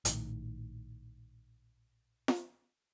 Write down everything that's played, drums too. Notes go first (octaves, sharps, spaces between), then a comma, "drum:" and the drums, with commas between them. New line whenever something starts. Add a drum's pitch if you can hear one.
A#1 A2 D#3, drum: hi-hat
drum: snare F4